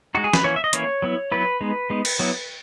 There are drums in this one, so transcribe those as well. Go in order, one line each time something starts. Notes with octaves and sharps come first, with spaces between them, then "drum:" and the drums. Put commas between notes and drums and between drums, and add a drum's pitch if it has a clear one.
G#3 D#4 F#4
G#4
B4, drum: snare
E3 A#3 C#4 E4 C#5
E5
D#5
E3 A#3 C#4 E4 C#5, drum: hi-hat
F#3 B3 E4
F#3 B3 E4 B4
G#3 B3 D#4
G#3 B3 D#4
drum: cymbal
F#3 B3 E4